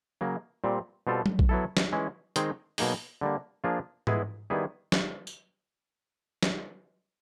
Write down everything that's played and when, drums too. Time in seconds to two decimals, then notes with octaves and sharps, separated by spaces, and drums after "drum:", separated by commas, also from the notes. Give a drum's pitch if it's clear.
0.21 C#3 F#3 A#3
0.64 A#2 G3 C4
1.07 B2 G3 C4 F4 A4
1.26 drum: tom F#3
1.39 drum: kick A#1
1.49 F#3 B3 E4 A4
1.77 drum: snare
1.92 E3 G#3 C#4 E4
2.36 D#3 G#3 C4 D#4 G#4, drum: hi-hat
2.78 B2 F#3 A#3 D#4 G#4, drum: open hi-hat
3.21 D3 G3 A#3
3.64 F3 A#3 D4 F4 G#4
4.07 G#3 B3 E4 G#4, drum: tom G#2
4.50 D#3 G3 B3 E4 G#4
4.92 drum: snare
5.27 drum: tambourine
6.43 drum: snare